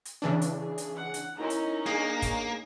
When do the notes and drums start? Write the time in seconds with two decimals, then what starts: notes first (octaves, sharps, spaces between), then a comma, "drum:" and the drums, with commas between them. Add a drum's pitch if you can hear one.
0.05 drum: hi-hat
0.22 C#3 E3 D4
0.42 drum: hi-hat
0.58 G#4
0.78 drum: hi-hat
0.95 F#5
1.14 drum: hi-hat
1.37 C#4 D#4 E4 A#4 A#5
1.50 drum: hi-hat
1.86 A#3 D4 G#4
2.22 drum: kick, hi-hat